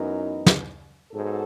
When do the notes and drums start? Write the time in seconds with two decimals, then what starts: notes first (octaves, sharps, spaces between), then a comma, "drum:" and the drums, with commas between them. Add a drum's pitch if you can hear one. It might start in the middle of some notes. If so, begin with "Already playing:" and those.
Already playing: F#2 E3 B3 D#4
0.46 drum: snare
1.13 G#2 F#3 B3 F#4 A4